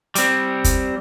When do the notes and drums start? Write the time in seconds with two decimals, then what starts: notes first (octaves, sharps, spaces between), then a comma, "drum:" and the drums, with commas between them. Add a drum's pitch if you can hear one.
0.15 G3 C4, drum: hi-hat
0.64 drum: kick, hi-hat